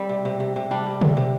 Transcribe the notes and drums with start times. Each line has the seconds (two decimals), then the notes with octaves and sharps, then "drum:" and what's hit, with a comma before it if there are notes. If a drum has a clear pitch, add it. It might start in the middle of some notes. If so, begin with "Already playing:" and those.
Already playing: G3 C4
0.09 C3
0.25 C3
0.40 C3
0.56 C3
0.71 G3 D4
0.86 C3
1.01 C3, drum: tom
1.17 C3